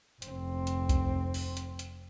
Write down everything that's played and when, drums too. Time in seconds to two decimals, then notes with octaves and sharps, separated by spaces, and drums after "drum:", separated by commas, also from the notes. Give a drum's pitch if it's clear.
0.22 F1 C4, drum: hi-hat
0.67 drum: hi-hat
0.89 drum: kick C2, hi-hat
1.34 drum: open hi-hat
1.57 drum: hi-hat
1.79 drum: hi-hat